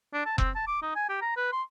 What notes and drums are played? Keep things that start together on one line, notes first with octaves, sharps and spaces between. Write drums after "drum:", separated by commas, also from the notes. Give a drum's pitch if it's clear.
D4
A5
C4, drum: kick F1
A5
D6
D#4
G#5
G4
A#5
B4
C6